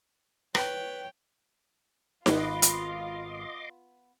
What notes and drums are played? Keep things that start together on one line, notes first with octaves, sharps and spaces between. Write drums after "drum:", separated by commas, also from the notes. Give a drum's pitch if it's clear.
B4 C#5 G5, drum: rim click
G#1 B3 F4 B4 D#5 C6 D6, drum: snare D#4
drum: hi-hat